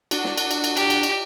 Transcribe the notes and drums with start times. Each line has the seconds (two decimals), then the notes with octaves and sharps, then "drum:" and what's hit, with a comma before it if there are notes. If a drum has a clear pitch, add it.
0.11 D4 F#4, drum: cymbal
0.24 drum: snare
0.38 drum: cymbal
0.51 drum: cymbal
0.64 drum: cymbal
0.77 G4, drum: cymbal
0.90 drum: cymbal
1.03 drum: cymbal